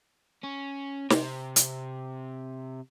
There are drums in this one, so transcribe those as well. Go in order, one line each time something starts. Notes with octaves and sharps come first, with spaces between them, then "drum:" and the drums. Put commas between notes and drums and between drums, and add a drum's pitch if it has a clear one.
C#4
C3, drum: snare
drum: hi-hat